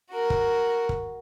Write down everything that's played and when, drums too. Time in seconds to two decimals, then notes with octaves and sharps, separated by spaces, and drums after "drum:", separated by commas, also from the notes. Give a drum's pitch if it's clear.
0.11 F#4 A#4
0.30 drum: kick
0.89 drum: kick